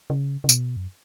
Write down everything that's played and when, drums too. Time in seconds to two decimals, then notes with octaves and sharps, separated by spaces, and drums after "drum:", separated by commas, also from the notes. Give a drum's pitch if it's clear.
0.10 C#3
0.44 C#3
0.49 B2, drum: tambourine
0.77 F#2